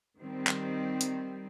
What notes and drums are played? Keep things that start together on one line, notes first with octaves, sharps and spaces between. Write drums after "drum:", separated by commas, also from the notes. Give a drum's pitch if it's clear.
D#3 G3 C4
drum: clap
drum: hi-hat